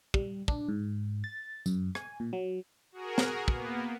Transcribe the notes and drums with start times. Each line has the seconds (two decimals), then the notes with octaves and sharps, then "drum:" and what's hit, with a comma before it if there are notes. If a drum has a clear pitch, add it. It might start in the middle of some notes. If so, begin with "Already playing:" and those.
0.14 G3, drum: kick
0.48 D4, drum: kick
0.68 G#2
1.24 A6
1.66 F#2, drum: tambourine
1.95 G#5, drum: rim click
2.20 A#2
2.33 F#3
2.92 F#4 G#4 A#4
3.18 drum: snare
3.48 A#3 B3, drum: kick